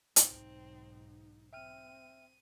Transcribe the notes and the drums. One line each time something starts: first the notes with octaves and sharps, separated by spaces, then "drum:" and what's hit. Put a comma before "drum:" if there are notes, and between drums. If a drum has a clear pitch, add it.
B1 G#2 C4 D#4, drum: hi-hat
C4 E5 G5 F6 D#7